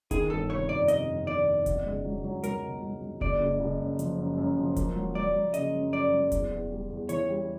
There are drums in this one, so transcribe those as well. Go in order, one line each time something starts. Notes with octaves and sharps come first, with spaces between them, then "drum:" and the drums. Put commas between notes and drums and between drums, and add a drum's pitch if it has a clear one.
D#3 G#4, drum: kick D#1, hi-hat
G1 A4
C3 C#5
F2 D5
C3 D#5, drum: hi-hat
F2
D#3 D5
F2
B2, drum: kick D#1, hi-hat
C#2
F#3
F#3
F#3 A#4, drum: hi-hat
B2
F#3
F#3
F#1 D5, drum: kick D#1
F#1
F#1
F#2
F3, drum: hi-hat
F#2
F#2
F3
A#3, drum: kick D#1, hi-hat
F#3
F#3 D5
F#3
C#3 D#5, drum: hi-hat
F#2
F#2 D5
F#3
E2, drum: kick D#1, hi-hat
E2
G3
E2
E3 C#5, drum: hi-hat
G3